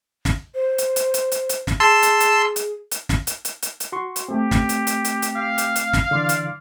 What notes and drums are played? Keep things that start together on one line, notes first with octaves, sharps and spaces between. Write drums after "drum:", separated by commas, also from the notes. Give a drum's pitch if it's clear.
drum: snare
C5
drum: hi-hat
drum: hi-hat
drum: hi-hat
drum: hi-hat
drum: hi-hat
drum: snare
G#4 A5 C6 E6
drum: hi-hat
drum: hi-hat
drum: hi-hat
drum: hi-hat
drum: snare
drum: hi-hat
drum: hi-hat
drum: hi-hat
drum: hi-hat
F#4 C6 C#6
drum: hi-hat
A3 C4 G4
drum: snare
drum: hi-hat
drum: hi-hat
drum: hi-hat
drum: hi-hat
F5
drum: hi-hat
drum: hi-hat
drum: snare
D3 E3 D5 C6
drum: hi-hat